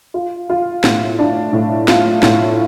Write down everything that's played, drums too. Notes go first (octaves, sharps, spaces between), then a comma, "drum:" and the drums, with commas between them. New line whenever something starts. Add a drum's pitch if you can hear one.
F4
F4
A2, drum: snare
D4
A2
F4, drum: snare
A2, drum: snare